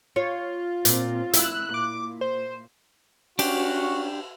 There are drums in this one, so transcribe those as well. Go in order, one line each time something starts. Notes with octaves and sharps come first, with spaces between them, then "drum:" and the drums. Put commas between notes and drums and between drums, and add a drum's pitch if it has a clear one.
F4 C#5
A#2 C4, drum: hi-hat
E4 E6 F#6, drum: hi-hat
A#2 D6
C5
C#4 D4 F#4 G4, drum: cymbal